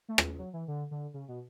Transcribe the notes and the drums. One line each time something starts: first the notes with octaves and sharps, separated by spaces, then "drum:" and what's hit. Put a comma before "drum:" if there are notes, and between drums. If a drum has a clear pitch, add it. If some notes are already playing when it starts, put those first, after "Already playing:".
A3
drum: rim click
F#3
E3
D3
D3
C#3
B2